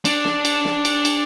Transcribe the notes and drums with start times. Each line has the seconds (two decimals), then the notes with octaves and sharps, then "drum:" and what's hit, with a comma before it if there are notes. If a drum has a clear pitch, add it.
0.05 D4, drum: cymbal
0.25 drum: snare
0.45 drum: cymbal
0.65 drum: snare
0.85 drum: cymbal
1.05 drum: cymbal